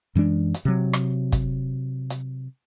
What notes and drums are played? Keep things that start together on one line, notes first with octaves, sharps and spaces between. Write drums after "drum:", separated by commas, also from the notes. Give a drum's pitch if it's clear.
F#2 E3 G#3 D4
drum: hi-hat
C3 F#3
drum: rim click
drum: kick, hi-hat
drum: hi-hat